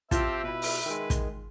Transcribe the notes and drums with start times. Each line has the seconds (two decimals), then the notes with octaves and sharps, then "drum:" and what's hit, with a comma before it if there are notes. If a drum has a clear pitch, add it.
0.11 C4 F4 G4 E5 A5, drum: kick, hi-hat
0.44 B2 E4 B4
0.62 drum: open hi-hat
0.86 D#3 G#3
1.10 drum: kick, hi-hat